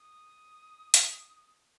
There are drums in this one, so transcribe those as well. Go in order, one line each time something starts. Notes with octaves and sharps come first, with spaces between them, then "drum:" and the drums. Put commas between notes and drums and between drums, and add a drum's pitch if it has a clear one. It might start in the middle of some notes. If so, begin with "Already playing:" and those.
Already playing: D#6
drum: hi-hat